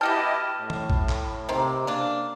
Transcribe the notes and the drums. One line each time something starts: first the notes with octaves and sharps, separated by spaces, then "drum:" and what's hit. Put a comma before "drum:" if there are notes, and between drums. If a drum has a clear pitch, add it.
B2 E4 G4 D#5 F#5 G5 A5 F6
A2
drum: tom
drum: kick A1
drum: clap
C3 D#3 A#3 C4
C#3 A#3 D4